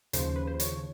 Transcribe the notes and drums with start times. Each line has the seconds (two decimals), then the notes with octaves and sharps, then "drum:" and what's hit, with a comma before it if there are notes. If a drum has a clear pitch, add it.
0.13 D#2 C#3 F3 C5, drum: hi-hat
0.36 B4
0.47 C5
0.60 C#5, drum: hi-hat